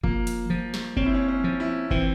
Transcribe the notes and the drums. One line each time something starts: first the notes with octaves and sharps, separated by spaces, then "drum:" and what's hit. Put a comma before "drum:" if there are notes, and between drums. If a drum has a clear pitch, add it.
F3 A#3, drum: kick F#1
drum: hi-hat
F3
drum: snare
C4 C#4, drum: kick F#1
E4
C#4
C#4
F3
E4
E3 C4, drum: kick F#1